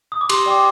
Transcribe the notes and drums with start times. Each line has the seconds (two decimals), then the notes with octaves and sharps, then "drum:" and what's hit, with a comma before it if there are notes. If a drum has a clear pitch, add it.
0.12 D#6
0.21 D6
0.29 G4 C6, drum: cymbal
0.46 D5 G5 D6